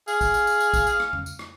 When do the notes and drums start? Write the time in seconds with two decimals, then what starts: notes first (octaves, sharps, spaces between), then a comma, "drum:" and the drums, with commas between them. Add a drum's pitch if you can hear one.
0.08 G#4 F5, drum: tambourine
0.21 drum: kick, tambourine
0.34 drum: tambourine
0.47 drum: tambourine
0.60 drum: tambourine
0.74 drum: kick, tambourine
0.87 drum: tambourine
1.00 drum: rim click
1.13 drum: tom F2
1.26 drum: tambourine
1.39 drum: rim click